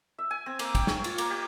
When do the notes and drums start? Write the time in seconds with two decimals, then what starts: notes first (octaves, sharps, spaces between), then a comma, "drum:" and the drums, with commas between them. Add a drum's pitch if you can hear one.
0.18 E5
0.31 G#5
0.46 C4
0.59 A#3, drum: cymbal
0.75 G5, drum: kick, cymbal
0.87 C#5, drum: snare
1.04 F4, drum: cymbal
1.18 A#3, drum: cymbal
1.30 G4